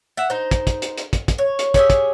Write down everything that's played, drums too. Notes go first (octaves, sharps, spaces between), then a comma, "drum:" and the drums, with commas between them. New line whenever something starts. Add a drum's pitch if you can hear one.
E5 F#5
D#4 C5
drum: kick, hi-hat
drum: kick, hi-hat
drum: hi-hat
drum: hi-hat
drum: kick, hi-hat
drum: kick, hi-hat
C#5
drum: hi-hat
C#4 G4 G#4 E5, drum: kick, hi-hat
drum: kick, hi-hat